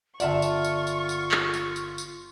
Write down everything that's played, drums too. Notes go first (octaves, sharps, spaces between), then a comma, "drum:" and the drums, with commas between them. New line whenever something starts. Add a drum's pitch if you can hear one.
G1 F4 D5 E5 F#5 A5 C#6, drum: tambourine
drum: tambourine
drum: tambourine
drum: tambourine
drum: tambourine
drum: clap
drum: tambourine
drum: tambourine
drum: tambourine